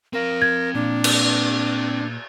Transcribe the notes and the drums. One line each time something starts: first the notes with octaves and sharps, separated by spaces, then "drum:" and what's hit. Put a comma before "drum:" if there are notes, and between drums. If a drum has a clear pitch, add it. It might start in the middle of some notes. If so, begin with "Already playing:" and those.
C4 A#4 F5
G#6
A#2 D4
drum: cymbal